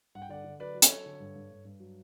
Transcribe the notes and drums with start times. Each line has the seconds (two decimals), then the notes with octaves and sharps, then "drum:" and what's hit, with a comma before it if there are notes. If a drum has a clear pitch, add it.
0.15 G2 F#5
0.22 G5
0.29 D3 D5 F#5
0.44 D3
0.59 F#3 B4 D5
0.74 F#3
0.82 A4 C#5, drum: hi-hat
0.90 F#3
1.06 D3
1.20 G2
1.35 G2
1.51 G2
1.65 G2
1.80 F#3